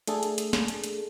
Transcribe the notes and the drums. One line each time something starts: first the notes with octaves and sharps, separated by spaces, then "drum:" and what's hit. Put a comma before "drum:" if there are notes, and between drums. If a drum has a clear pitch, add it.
A3 D4 G#4 A4, drum: hi-hat
drum: hi-hat
drum: hi-hat
drum: snare
drum: hi-hat
drum: hi-hat